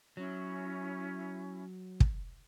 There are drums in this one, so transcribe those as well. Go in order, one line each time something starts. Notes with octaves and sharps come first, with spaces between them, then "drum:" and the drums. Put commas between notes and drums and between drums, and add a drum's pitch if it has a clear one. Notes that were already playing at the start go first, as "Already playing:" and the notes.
F#3 C#4 E4
drum: kick